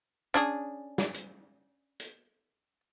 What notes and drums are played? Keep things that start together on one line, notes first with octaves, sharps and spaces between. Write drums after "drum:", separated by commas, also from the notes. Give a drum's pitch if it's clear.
C#4 D4 G#4
drum: snare
drum: hi-hat
drum: hi-hat